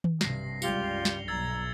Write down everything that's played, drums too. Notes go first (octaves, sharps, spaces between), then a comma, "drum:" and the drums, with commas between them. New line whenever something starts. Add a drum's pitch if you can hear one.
drum: tom D#3
B1 G2 C3 A#6 C7, drum: snare
C#2 G2 G3 F4 G4 C#7 F7 G7, drum: tambourine
drum: snare
B1 A#5 E6 G#6 A6